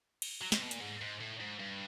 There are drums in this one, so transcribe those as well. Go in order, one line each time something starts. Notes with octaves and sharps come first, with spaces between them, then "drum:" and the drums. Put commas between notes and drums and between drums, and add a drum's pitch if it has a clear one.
drum: cymbal
F#3
C3, drum: snare
B2
A#2, drum: hi-hat
G#2
G#2
A2
G#2
G2